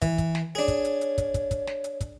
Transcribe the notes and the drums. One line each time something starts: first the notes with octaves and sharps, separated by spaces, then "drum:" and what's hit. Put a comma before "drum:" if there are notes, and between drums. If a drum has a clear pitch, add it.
E3, drum: kick, hi-hat
drum: kick, hi-hat
drum: snare
D4 G#4 C#5
drum: kick, hi-hat
drum: hi-hat
drum: hi-hat
drum: kick, hi-hat
drum: kick, hi-hat
drum: kick, hi-hat
drum: snare
drum: hi-hat
drum: kick, hi-hat